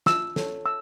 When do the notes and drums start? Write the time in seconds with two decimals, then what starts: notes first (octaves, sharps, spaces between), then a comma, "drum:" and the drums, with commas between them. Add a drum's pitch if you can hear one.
0.06 F4 E6, drum: snare
0.36 A4 C#5, drum: snare
0.66 E6